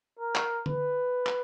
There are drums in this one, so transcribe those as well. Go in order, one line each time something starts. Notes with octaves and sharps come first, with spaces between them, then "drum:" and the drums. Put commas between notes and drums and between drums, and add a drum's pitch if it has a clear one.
A#4
drum: clap
B4, drum: tom D3
drum: clap